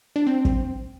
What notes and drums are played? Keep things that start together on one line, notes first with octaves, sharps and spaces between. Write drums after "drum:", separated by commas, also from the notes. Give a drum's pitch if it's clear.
D4
C4
drum: kick